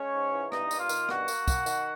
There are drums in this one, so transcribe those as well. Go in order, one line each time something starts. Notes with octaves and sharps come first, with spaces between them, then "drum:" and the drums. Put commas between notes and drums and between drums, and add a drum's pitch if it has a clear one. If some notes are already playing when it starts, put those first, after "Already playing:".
Already playing: G#3 C#4 C#5
G#2
E3
G2 D#4 D#5, drum: rim click
A#3, drum: tambourine
F4 F5
D#3, drum: tambourine
G2 F#4 F#5, drum: rim click
A#3, drum: tambourine
A#3, drum: kick, tambourine
D#3, drum: tambourine